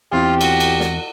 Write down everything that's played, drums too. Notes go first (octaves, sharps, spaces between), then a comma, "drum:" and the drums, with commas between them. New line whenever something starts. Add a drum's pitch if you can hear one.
E2 C4 E4 F4 G4
F#4, drum: cymbal
drum: cymbal
drum: snare